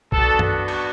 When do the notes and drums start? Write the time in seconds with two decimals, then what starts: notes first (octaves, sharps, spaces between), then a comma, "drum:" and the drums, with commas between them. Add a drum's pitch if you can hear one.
0.12 B3 D4 F#4 A4, drum: kick B1
0.39 drum: tom F#2
0.68 drum: cymbal